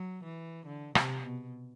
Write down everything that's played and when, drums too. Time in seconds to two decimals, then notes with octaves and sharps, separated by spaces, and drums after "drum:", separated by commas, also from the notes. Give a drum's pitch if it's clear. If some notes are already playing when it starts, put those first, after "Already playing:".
Already playing: F#3
0.24 E3
0.66 D3
0.95 C3, drum: rim click
1.24 B2